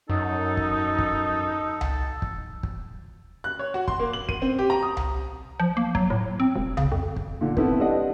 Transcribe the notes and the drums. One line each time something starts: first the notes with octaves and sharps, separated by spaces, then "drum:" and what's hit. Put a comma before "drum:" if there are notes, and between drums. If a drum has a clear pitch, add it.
F#2 D#4 A4
drum: kick
drum: kick
drum: tom C2
drum: kick
drum: kick
F#6
C#5
F#4
C6, drum: kick
A#3
F#7
D#7, drum: kick
C4
G4
A#5
D#6
drum: tom C2
F3
A#3
F#3, drum: kick
A2
C4
E1
C#3, drum: tom C2
F2
drum: kick
A#2 D3
B3 C4 E4 A4, drum: kick
G3 D4 D#5 F#5